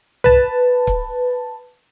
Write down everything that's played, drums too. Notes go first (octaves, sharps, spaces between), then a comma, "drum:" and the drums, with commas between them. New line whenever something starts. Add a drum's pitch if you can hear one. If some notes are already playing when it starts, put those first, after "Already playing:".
B4 A5, drum: tom C2
drum: kick C#1